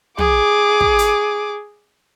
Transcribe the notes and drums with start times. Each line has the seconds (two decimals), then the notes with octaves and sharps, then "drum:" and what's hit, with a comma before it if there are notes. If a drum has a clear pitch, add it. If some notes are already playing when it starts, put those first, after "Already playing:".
0.19 G#4 D6, drum: tom
0.80 drum: kick
0.99 drum: hi-hat